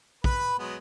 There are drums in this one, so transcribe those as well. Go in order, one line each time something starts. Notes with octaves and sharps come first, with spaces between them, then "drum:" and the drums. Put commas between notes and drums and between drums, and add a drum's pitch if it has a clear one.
B4 B5, drum: kick A#1
F#3 G#3 B3